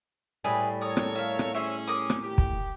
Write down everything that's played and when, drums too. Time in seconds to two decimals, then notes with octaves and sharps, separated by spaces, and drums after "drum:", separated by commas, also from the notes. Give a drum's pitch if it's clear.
0.44 A2 G3 G#4 B4 E5
0.81 A4 A#4 C#5 D#6
0.97 drum: rim click
1.15 E5 F5
1.39 drum: rim click
1.54 C#4 G#4 C5 C#5 E5
1.88 A#4 D6 D#6
2.10 drum: rim click
2.24 G4
2.38 drum: kick